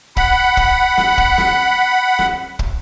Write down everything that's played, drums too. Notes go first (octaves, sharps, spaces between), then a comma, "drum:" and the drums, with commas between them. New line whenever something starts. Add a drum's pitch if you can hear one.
F#5 B5, drum: kick
drum: kick
drum: snare
drum: kick
drum: snare
drum: snare
drum: kick